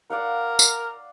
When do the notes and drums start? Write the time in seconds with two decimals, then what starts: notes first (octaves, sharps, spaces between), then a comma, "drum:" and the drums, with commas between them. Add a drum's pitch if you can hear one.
0.10 A#4 D5 F5 F#5
0.59 drum: tambourine